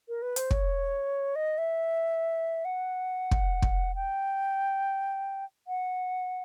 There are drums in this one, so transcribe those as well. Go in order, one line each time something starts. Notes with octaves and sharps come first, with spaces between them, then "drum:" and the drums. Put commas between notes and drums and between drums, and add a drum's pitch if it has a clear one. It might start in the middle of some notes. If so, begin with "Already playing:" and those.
A#4
B4
C5, drum: hi-hat
C#5, drum: kick
D#5
E5
F#5
drum: kick
drum: kick
G5
F#5